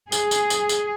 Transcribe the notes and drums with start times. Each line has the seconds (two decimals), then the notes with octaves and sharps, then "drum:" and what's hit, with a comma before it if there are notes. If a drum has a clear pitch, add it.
0.12 G#4, drum: tambourine
0.31 drum: tambourine
0.50 drum: tambourine
0.69 drum: tambourine